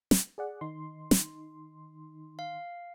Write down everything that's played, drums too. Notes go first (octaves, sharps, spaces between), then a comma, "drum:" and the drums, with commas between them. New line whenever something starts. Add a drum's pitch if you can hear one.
drum: snare
G#4 D5 F#5
D#3 D#4 C6
drum: snare
F5